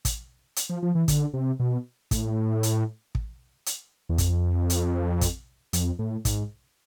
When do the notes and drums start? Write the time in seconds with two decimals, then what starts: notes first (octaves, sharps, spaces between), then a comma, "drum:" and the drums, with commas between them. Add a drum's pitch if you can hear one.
0.05 drum: kick, hi-hat
0.56 drum: hi-hat
0.70 F3
0.83 F3
0.95 E3
1.08 D3, drum: kick, hi-hat
1.34 C3
1.60 B2
2.11 A2, drum: kick, hi-hat
2.63 drum: hi-hat
3.15 drum: kick
3.66 drum: hi-hat
4.09 E2
4.18 F2, drum: kick, hi-hat
4.70 drum: hi-hat
5.21 drum: kick, hi-hat
5.73 F2, drum: hi-hat
5.99 A2
6.25 G#2, drum: kick, hi-hat